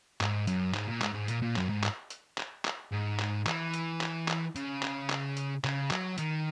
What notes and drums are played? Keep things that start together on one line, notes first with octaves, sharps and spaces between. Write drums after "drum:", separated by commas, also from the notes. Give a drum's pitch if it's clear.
G#2, drum: clap
F#2, drum: hi-hat
G#2, drum: clap
A#2
G#2, drum: clap
G#2
A#2, drum: hi-hat
A#2
F#2, drum: clap
G#2
drum: clap
drum: hi-hat
drum: clap
drum: clap
G#2
drum: clap
E3, drum: clap
drum: hi-hat
drum: clap
drum: clap
C#3, drum: hi-hat
drum: clap
drum: clap
drum: hi-hat
C#3, drum: clap
F#3, drum: clap
D#3, drum: hi-hat